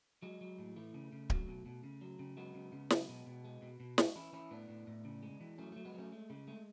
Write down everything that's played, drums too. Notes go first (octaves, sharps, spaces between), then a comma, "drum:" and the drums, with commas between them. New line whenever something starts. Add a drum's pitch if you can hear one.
F#3 G#3
F#3
A2
E3 A3
C#3
C#3
F#3, drum: kick D1
B2
B2
C#3
F#3
C#3
F#3 G#3 B3
C#3
C#3
F#3 G#3 B3, drum: snare
B2
B2
G#3
B2
B2
G#3 D4 F#4, drum: snare
E3 C#4 E4
E3 C#4 E4
A2 B3 D4
A2
A2
C#3
G#3
E3
F#3 A3 C#4
F#3 A3
G#3 B3
F#3 A3 C#4
G#3 A3
C#3 G#3
G#3 A3